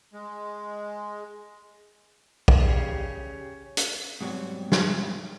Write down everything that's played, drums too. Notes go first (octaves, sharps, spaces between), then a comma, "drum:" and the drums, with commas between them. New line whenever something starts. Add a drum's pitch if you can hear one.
G#3
drum: kick
C#3 G4 G#4 D5 F5
drum: hi-hat
G#2 B2 F#3 G3 C4 C#5
drum: snare